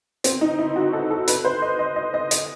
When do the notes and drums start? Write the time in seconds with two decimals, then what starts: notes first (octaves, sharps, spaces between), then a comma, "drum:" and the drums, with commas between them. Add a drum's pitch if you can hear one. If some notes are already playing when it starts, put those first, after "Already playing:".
0.24 C4, drum: hi-hat
0.41 D#4
0.58 E4
0.76 F#4
0.93 A4
1.11 A4
1.28 B4, drum: hi-hat
1.45 C5
1.62 D#5
1.79 D#5
1.96 D#5
2.14 D#5
2.31 D#5, drum: hi-hat